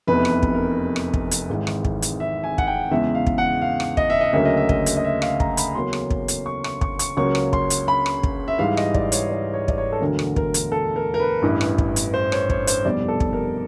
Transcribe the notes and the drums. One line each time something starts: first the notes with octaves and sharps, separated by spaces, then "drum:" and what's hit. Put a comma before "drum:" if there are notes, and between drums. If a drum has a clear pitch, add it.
F1 E2 C3 B4
drum: rim click
drum: kick
A#4
drum: rim click
drum: kick
drum: hi-hat
G#1 G#2 E3 G#3
drum: rim click
drum: kick
drum: hi-hat
E5
G#5
F#5, drum: kick
G5
E2 C#3 E3 G#3 E5
F5
drum: kick
F#5
F5
drum: rim click
D#5, drum: kick
E5
D#5
D2 C#3 F#3 A#3 E5
D#5
E5
D#5, drum: kick
drum: hi-hat
D#5
E5
F5, drum: rim click
A#5, drum: kick
B5, drum: hi-hat
E2 C#3 F#3 A#3 C#4 C6
drum: rim click
drum: kick
drum: hi-hat
C#6
C#6, drum: rim click
C#6, drum: kick
C#6, drum: hi-hat
C#2 C#3 F#3 A#3 C#4 C#6
drum: rim click
C6, drum: kick
drum: hi-hat
B5
drum: rim click
drum: kick
E5
G#2 E3 G3 F5
D#5, drum: rim click
D5, drum: kick
C#5, drum: hi-hat
D5
C#5
D5, drum: kick
C#5
A4
E1 D2 D3 F#3 A#4
drum: rim click
A#4, drum: kick
drum: hi-hat
A4
A#4
A#4
B4
A1 G2 E3
drum: rim click
drum: kick
drum: hi-hat
C5
C#5, drum: rim click
C#5, drum: kick
C5, drum: hi-hat
F1 E2 B2 G3 D5
A4
drum: kick
A#4